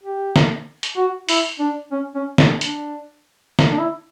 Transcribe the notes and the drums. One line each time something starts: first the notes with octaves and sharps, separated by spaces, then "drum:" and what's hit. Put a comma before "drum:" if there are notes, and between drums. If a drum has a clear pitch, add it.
G4
drum: snare
drum: hi-hat
F#4
E4, drum: open hi-hat
D4
C#4
C#4
C#4, drum: snare
D4, drum: hi-hat
drum: snare
D4
E4